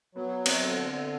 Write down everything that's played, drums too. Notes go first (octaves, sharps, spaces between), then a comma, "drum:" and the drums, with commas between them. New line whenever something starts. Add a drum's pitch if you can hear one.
F#3 B3
C4, drum: cymbal
D3